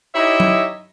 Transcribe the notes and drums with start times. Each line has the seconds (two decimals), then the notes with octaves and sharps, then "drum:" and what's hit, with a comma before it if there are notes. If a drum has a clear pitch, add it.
0.14 D#4 E4 G4 C#5 D#5 E5
0.40 drum: tom F#3